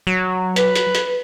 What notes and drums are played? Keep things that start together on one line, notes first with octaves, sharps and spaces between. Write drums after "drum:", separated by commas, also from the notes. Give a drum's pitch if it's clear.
F#3
B4, drum: hi-hat
drum: hi-hat
drum: hi-hat